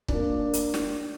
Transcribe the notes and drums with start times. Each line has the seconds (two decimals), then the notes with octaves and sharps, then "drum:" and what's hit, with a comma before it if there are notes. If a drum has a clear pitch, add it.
0.08 A#3 D4, drum: kick
0.53 drum: hi-hat
0.74 drum: snare